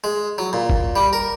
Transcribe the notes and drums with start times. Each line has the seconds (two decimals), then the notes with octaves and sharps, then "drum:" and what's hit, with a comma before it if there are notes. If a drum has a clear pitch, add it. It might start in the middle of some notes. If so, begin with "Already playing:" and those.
0.04 G#3
0.38 F#3
0.53 A#2
0.70 drum: kick
0.96 G3
1.13 A#4